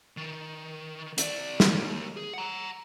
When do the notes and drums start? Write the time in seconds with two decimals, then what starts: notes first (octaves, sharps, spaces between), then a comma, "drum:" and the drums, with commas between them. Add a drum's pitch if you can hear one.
0.17 D#3
1.18 C4 D5, drum: hi-hat
1.60 D#2, drum: snare
2.17 G#4
2.34 F#5 A#5